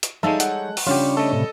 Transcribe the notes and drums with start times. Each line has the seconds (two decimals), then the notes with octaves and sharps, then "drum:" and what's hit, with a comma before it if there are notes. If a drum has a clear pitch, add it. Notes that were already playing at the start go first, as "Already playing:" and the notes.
0.03 drum: hi-hat
0.23 G3 G#3 D#4 A4 C#5 E5 F5 A5
0.40 F#5, drum: hi-hat
0.77 drum: open hi-hat
0.87 C#3 G3 C#4 D4 F4 G4 C#5
1.17 A3 A4 D#5
1.33 A2 C3